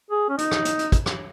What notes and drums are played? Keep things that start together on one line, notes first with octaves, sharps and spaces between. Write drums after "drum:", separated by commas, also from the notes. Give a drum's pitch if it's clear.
G#4
C#4
D#4, drum: hi-hat
drum: rim click
drum: hi-hat
drum: hi-hat
drum: kick, hi-hat
drum: rim click